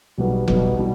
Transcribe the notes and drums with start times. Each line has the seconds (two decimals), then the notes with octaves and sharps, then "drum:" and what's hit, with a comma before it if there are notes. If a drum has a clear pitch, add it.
0.18 B1 B2 G3 B3
0.48 B1 B2 G3 B3, drum: kick F1
0.79 B2 G3